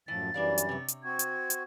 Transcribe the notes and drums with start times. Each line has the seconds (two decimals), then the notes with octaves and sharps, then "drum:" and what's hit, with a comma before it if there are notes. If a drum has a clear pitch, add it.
0.08 F#2 A2 E3 F3 A6
0.34 F#2 E3 G3 D4 D5 F5
0.58 drum: hi-hat
0.69 C3 C#5
0.88 drum: hi-hat
1.04 C4 F#4 G#6
1.19 drum: hi-hat
1.50 drum: hi-hat